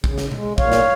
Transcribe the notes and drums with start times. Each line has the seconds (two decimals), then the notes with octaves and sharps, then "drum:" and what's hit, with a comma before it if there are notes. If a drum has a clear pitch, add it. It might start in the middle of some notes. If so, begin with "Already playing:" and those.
0.04 C#3, drum: kick
0.18 drum: snare
0.32 G#3, drum: tom B2
0.58 A#2 C#5 F5, drum: kick
0.72 drum: snare